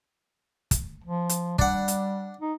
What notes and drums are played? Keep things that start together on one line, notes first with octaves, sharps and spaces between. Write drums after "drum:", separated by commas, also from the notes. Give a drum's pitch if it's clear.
drum: kick, hi-hat
F3
drum: hi-hat
G3 D4 F#5, drum: kick
drum: hi-hat
D#4